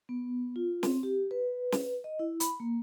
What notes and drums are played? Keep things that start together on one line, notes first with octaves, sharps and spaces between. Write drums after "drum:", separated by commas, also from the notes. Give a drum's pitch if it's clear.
B3
F4
C4, drum: snare
G4
B4
drum: snare
D#5
E4
B5, drum: hi-hat
A#3